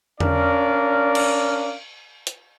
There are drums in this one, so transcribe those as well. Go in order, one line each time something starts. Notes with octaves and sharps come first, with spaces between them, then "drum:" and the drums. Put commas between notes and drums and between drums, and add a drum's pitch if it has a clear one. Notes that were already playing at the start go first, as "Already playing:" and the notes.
C#4 D4 A#4 D5 F5, drum: tom E2
drum: cymbal
drum: hi-hat